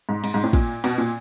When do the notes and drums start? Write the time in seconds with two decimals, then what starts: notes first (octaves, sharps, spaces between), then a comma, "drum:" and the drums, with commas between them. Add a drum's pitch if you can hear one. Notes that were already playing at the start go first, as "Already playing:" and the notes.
0.09 G#2
0.24 G#2, drum: cymbal
0.34 G#2
0.44 A2
0.53 A#2, drum: kick, cymbal
0.84 B2, drum: cymbal
0.98 A#2